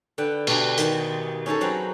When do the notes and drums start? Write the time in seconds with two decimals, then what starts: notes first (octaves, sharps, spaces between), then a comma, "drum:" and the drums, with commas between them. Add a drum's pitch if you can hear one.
0.18 D3 B4 G5
0.47 B2 D4 G4 G5 A#5, drum: cymbal
0.78 D#3, drum: hi-hat
1.46 C#4 D#4 G#4 A4
1.61 F#3 C4 B4 C5 A#5